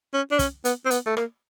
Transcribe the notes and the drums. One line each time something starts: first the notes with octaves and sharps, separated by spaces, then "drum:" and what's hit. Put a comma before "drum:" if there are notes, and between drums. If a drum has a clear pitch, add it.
C#4
D4
C#4, drum: kick, hi-hat
B3, drum: hi-hat
C4
B3, drum: hi-hat
A3
A#3, drum: rim click